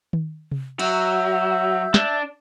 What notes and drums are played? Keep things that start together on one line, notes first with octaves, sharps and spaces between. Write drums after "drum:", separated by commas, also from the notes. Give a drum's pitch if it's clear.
drum: tom D#3
drum: tom C3
F#3 E5 E6 G6, drum: cymbal
D4, drum: snare